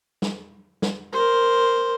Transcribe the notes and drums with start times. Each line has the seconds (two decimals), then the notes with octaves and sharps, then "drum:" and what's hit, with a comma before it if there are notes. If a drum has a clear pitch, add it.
0.22 drum: snare
0.82 drum: snare
1.12 A#4 C5